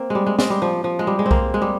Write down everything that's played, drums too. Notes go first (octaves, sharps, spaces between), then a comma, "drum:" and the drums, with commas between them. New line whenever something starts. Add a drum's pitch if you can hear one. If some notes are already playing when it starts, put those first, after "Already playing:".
Already playing: A#3 C4
G3 G#3
G#3
G#3, drum: snare
G3
F3
F3
G#3
G3
G#3
C4
A#3, drum: kick B1
G#3
G3